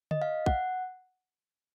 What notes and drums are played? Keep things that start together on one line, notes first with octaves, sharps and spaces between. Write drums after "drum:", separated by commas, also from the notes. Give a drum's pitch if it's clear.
D#5, drum: tom D3
F5
F#5, drum: kick